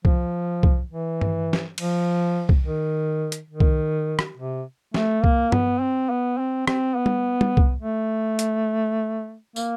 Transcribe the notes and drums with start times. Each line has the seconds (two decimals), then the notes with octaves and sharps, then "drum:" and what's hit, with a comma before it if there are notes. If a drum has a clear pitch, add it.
0.05 F3, drum: kick C2
0.63 drum: kick C2
0.91 E3
1.21 drum: tom G2
1.53 drum: snare
1.78 F3, drum: cymbal
2.49 drum: kick C2
2.64 D#3
3.32 drum: hi-hat
3.51 D#3
3.60 drum: kick C2
4.19 drum: rim click
4.37 C3
4.94 A3, drum: snare
5.24 A#3, drum: kick C2
5.52 B3, drum: tom G2
5.81 C4
6.10 B3
6.38 C4
6.67 C4, drum: rim click
6.96 B3
7.06 drum: tom
7.41 drum: tom
7.57 drum: kick C2
7.82 A3
8.39 drum: hi-hat
9.56 A#3, drum: tambourine